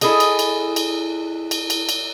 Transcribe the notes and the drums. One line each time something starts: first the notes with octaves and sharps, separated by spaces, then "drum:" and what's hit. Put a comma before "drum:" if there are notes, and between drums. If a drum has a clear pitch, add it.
E4 G#4 A4 D#5, drum: cymbal
drum: cymbal
drum: cymbal
drum: cymbal
drum: cymbal
drum: cymbal
drum: cymbal